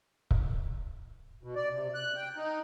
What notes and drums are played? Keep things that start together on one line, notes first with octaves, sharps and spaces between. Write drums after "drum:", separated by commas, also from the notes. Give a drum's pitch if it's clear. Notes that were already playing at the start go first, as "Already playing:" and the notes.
drum: kick C#1
B2
D5
C3
F#6
G5
D#4